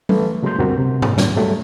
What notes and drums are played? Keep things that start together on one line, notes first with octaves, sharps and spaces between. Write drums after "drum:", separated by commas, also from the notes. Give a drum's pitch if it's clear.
E3 A3 B4, drum: tom F#3
C#3 F#3 G#3 A#3 C6 G6
D2 G2 B2 C4 F#4 A#4
C3
drum: tom G#2
A#2 D#3, drum: snare
G2 F#3 G3 A3